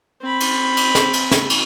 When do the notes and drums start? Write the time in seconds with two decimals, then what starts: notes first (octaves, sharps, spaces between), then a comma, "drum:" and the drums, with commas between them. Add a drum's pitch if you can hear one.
0.22 C4 B5
0.40 drum: cymbal
0.77 drum: cymbal
0.95 drum: snare
1.13 drum: cymbal
1.31 drum: snare
1.50 drum: cymbal